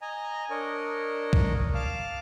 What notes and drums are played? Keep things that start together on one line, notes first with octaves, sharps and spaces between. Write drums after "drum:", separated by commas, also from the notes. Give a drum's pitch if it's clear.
D#5 G#5 A#5
D4 A#4 C#5 D#5
drum: kick
F5 A5 D6 F6